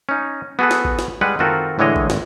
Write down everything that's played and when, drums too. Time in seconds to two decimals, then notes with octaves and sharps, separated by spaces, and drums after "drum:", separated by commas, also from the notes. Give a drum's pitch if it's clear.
0.09 C#4 D#4
0.59 B3 F#4 G#4 A4 B4
0.71 drum: snare
0.85 drum: kick G#1
0.99 drum: snare
1.21 G3 G#3 B4 F#5
1.39 D#3 C4 F4 F#4 A4 A#4, drum: tom F#2
1.79 A2 D3 E3 G#3 C#5 D#5
1.96 drum: kick G#1
2.10 G#1, drum: snare